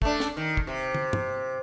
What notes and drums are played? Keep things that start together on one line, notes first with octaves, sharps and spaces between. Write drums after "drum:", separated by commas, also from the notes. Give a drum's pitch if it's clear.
A3 D4, drum: kick
drum: snare
D#3
drum: kick
C3
drum: tom
drum: tom G2